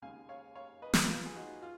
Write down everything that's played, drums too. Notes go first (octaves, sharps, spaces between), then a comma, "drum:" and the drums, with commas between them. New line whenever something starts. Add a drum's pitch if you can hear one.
D#2 C#3 G#3 C#4 F5 G#5
C#5 F5
C#5 F5
B4 D#5
drum: snare
F4
G#4
D#4 F#4
F4